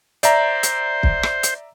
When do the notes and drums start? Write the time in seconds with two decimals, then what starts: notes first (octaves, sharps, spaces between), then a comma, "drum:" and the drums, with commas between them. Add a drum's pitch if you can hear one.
0.23 C5 D5 E5 A#5, drum: hi-hat
0.63 drum: hi-hat
1.03 drum: kick
1.23 drum: rim click
1.43 drum: hi-hat